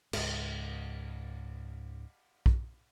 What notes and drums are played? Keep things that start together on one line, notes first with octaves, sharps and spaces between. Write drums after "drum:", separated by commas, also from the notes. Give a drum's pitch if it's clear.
C#2 G#2, drum: cymbal
drum: kick